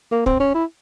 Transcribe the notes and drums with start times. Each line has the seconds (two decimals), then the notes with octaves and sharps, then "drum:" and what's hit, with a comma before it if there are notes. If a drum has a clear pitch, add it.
0.12 A#3
0.26 C4, drum: kick
0.40 C#4
0.54 E4